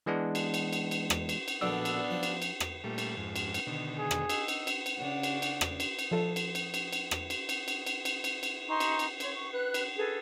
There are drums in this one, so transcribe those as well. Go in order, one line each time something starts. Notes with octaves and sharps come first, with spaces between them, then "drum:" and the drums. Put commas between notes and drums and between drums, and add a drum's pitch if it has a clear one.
E3 G#3 B3 D4
drum: cymbal
drum: cymbal
drum: cymbal
drum: cymbal
drum: rim click
drum: cymbal
drum: cymbal
A#1 B2 D3 B3 D4 D5 E6
drum: cymbal
F3
drum: cymbal
drum: cymbal
drum: rim click
A#2 G3 A3
drum: cymbal
F2 G#2
drum: cymbal
drum: cymbal
B2 D3 D#3
G#4
drum: rim click
D#4 E6, drum: cymbal
drum: cymbal
drum: cymbal
drum: cymbal
C#3 C#4 D4 F#5
drum: cymbal
drum: cymbal
drum: rim click
drum: cymbal
drum: cymbal
F3 A4
drum: cymbal
drum: cymbal
drum: cymbal
drum: cymbal
drum: rim click
drum: cymbal
drum: cymbal
drum: cymbal
drum: cymbal
drum: cymbal
drum: cymbal
drum: cymbal
D#4 G#5 C6 C#6
drum: cymbal
drum: cymbal
C#5 C6, drum: cymbal
C#6
B4 F#6
drum: cymbal
G#4 A4 B4